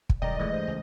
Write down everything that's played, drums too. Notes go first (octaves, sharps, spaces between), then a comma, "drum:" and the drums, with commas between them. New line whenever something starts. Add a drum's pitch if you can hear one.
drum: kick
B1 G2 D#3 D5 D#5 G5 A#5
E3 G#3 A3
G2 C5
C#2